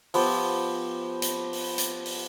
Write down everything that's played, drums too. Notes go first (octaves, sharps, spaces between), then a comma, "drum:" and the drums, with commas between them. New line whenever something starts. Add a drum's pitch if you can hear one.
F3 B3 G4, drum: open hi-hat
drum: hi-hat
drum: open hi-hat
drum: hi-hat
drum: open hi-hat